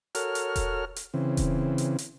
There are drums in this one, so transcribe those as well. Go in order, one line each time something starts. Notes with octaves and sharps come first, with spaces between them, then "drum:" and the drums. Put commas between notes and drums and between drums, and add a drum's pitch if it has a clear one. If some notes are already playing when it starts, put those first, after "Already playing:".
F#4 A4 A#4 C#5 F6, drum: hi-hat
drum: hi-hat
drum: kick E1, hi-hat
drum: hi-hat
C#3 E3 C4
drum: kick E1, hi-hat
drum: hi-hat
drum: hi-hat